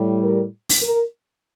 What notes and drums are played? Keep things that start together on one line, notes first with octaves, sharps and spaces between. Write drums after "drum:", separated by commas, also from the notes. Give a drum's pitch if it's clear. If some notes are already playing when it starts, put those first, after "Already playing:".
Already playing: A2 G3
A#4
drum: open hi-hat
A#4